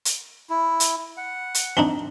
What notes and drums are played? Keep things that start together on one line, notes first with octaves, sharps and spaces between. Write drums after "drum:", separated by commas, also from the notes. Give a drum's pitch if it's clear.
drum: hi-hat
E4
drum: hi-hat
F#5
drum: hi-hat
C4 D4 D#4